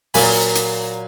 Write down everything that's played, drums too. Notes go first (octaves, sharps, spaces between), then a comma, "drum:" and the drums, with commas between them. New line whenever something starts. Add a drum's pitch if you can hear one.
A#2 F#3 A#3 F4 G#5 B5, drum: open hi-hat
drum: hi-hat